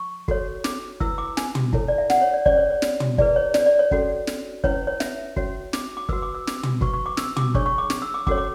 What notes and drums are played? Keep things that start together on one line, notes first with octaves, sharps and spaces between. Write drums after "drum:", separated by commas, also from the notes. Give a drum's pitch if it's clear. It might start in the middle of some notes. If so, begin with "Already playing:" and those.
Already playing: C#6
F#4 A4 C#5, drum: kick
D6, drum: snare
E4 B4 E6, drum: kick
D6
G#5, drum: snare
drum: tom
E4 A4 C#5, drum: kick
D5
E5
F#5, drum: snare
C#5
D5
C#4 G#4 C#5 D5, drum: kick
C#5
C#5
drum: snare
drum: tom
E4 G#4 B4 D5, drum: kick
C#5
D5, drum: snare
D5
C#5
C#4 F#4 A4, drum: kick
drum: snare
C#4 E4 B4 C#5, drum: kick
C#5
C#5
E5, drum: snare
C#4 F#4 C#5, drum: kick
D6, drum: snare
D6
F#4 B4 E6, drum: kick
D6
E6
D6, drum: snare
drum: tom
F#4 B4 C#6, drum: kick
C#6
D6
E6, drum: snare
D6, drum: tom
D4 G#4 C#5 C#6, drum: kick
C#6
D6
D6, drum: snare
E6
D6
C#4 F#4 A4 C#5 D6, drum: kick
D6